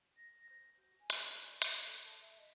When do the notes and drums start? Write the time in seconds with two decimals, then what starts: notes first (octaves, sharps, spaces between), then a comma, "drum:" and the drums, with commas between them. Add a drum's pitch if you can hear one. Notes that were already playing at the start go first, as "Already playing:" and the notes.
0.16 A#6
0.49 C5
0.77 F#4
0.99 G#5
1.10 drum: hi-hat
1.28 A5
1.46 D5
1.62 B6, drum: hi-hat
1.87 A4
2.03 A5
2.20 E5
2.38 D#5